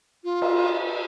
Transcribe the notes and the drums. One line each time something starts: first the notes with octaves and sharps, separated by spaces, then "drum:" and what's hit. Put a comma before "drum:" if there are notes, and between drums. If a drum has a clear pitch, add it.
F4
drum: cymbal